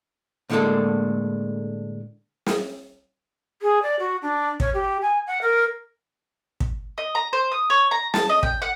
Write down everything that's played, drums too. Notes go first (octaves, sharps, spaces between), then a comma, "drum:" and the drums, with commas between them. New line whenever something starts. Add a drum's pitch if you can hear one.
A2 D3 G#3 A#3 D4 A4
drum: snare
G#4
D5
F#4
D4
C#5, drum: kick
G4
G#5
F#5
A#4
drum: kick
D#5
A#5
C5
D#6
C#5
A#5
A5, drum: snare
D#5
G5, drum: kick
F#5